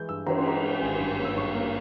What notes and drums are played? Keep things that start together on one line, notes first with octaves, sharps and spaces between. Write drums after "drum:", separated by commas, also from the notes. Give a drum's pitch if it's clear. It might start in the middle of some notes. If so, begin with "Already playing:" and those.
Already playing: E3 G#3 G6
G2 E6
E3 A#5, drum: cymbal
C6
G#3 A#5
G#3
G#1 G#5
G2
A#3
E6
G2 C#6
A#3